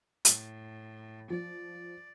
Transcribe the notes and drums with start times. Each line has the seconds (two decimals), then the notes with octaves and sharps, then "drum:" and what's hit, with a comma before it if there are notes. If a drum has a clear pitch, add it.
0.25 A2, drum: hi-hat
1.30 F3 D5